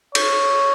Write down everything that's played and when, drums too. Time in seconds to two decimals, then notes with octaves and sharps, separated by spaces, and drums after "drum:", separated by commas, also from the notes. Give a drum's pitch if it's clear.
0.15 C#5, drum: cymbal